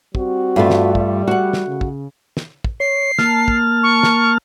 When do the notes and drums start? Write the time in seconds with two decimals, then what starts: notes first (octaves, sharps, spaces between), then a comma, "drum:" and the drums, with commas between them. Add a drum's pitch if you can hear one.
0.15 G3 C4 F#4, drum: kick
0.56 G2 A3 F4
0.70 drum: snare
0.95 G3, drum: kick
1.27 F#4 F#5
1.53 drum: snare
1.68 C#3
1.81 drum: kick
2.37 drum: snare
2.64 drum: kick
2.80 C#5 C7
3.18 A#3 A5 F6, drum: snare
3.48 drum: kick
3.83 C#6
4.03 drum: snare